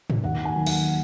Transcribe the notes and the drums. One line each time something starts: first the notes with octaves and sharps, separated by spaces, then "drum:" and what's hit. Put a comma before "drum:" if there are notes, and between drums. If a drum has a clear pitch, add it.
drum: tom G#2
D#2 F#5
G#5
D#3 F#3
F#5, drum: cymbal